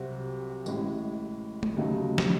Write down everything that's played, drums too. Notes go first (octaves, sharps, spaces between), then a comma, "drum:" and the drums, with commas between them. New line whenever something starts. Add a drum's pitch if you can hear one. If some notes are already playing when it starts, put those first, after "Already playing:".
Already playing: C2 C3 F#3 C4 F#4
A1 A2 G#3, drum: tambourine
drum: tom G#3
D#2 C#3 F#3 A3 D#4
drum: snare